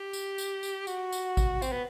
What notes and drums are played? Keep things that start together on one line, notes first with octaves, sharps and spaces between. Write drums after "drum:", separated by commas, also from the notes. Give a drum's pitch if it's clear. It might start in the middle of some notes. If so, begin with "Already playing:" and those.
Already playing: G4
drum: tambourine
drum: tambourine
drum: tambourine
F#4, drum: tambourine
drum: tambourine
drum: kick G#1, tambourine
C4, drum: tambourine
B3